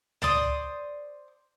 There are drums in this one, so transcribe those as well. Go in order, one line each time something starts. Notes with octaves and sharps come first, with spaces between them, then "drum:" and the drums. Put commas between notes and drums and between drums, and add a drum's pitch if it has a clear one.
C5 D5 C6 D#6, drum: tom C#2